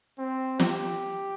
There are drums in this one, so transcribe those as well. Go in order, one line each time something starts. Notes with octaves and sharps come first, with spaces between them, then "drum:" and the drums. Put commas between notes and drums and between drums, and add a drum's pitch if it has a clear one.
C4
G4, drum: snare